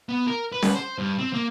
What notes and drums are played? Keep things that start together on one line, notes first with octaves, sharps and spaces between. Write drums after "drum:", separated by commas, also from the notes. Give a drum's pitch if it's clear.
B3
A#4
B4
drum: snare C#4
C5
G2
C4
A#3